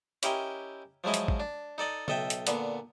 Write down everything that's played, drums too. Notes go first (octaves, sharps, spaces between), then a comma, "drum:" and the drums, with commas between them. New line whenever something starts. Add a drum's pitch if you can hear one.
C#4 E4 G4 A#4 D#5 G5, drum: hi-hat
F3 F#3 G#3 E4 D#5
drum: hi-hat
drum: kick A1
D4
D#4 A4 D5 D#5
B1 A4 D#5 E5 G5, drum: tom C#3
drum: hi-hat
A#2 D3 B3, drum: hi-hat